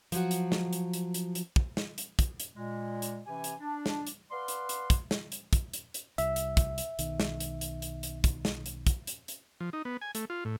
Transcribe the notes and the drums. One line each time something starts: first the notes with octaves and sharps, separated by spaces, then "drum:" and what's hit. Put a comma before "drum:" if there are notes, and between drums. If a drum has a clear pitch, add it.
F3 F#3 F#4, drum: hi-hat
drum: hi-hat
drum: snare
drum: hi-hat
drum: hi-hat
drum: hi-hat
drum: hi-hat
drum: kick
drum: snare
drum: hi-hat
drum: kick, hi-hat
drum: hi-hat
A#2 G#3
drum: hi-hat
C3 E3 C#4 G4 G#5
drum: hi-hat
D4
drum: snare
drum: hi-hat
B4 D5 F5 F#5 C6
drum: hi-hat
drum: hi-hat
drum: kick, hi-hat
drum: snare
drum: hi-hat
drum: kick, hi-hat
drum: hi-hat
drum: hi-hat
C2 E5, drum: hi-hat
drum: hi-hat
drum: kick, hi-hat
drum: hi-hat
B1 D#3, drum: hi-hat
drum: snare
drum: hi-hat
drum: hi-hat
drum: hi-hat
drum: hi-hat
drum: kick, hi-hat
drum: snare
drum: hi-hat
drum: kick, hi-hat
drum: hi-hat
drum: hi-hat
F3
D#4
B3
G#5
A3, drum: hi-hat
F4
A2